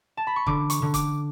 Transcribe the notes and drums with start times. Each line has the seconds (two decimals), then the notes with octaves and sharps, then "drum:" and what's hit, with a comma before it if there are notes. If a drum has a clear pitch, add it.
0.17 A5
0.27 B5
0.36 C#6
0.46 D3 D6, drum: kick
0.70 C#6, drum: hi-hat
0.82 D3
0.94 D6, drum: kick, hi-hat